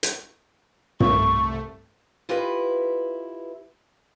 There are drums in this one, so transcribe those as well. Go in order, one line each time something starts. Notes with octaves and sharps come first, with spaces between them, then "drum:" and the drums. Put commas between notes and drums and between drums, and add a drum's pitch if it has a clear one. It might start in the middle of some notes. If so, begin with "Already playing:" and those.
drum: hi-hat
C2 A3 C#6, drum: tom
E4 F4 G4 B4 D#5